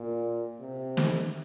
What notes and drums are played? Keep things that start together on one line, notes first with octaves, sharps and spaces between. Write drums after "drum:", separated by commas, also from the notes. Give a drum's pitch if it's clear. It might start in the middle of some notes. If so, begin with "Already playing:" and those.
Already playing: A#2
C3
drum: snare